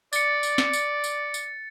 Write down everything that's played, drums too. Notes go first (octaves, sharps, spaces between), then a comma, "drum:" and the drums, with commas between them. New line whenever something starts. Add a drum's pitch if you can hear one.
D5 A6 C#7, drum: tambourine
drum: tambourine
drum: snare
drum: tambourine
drum: tambourine
drum: tambourine